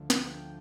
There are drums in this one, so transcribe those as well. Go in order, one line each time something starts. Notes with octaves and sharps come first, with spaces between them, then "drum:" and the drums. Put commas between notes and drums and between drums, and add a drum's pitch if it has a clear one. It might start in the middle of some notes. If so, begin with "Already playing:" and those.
Already playing: D2 D3 F3 A3
F#5, drum: snare
G5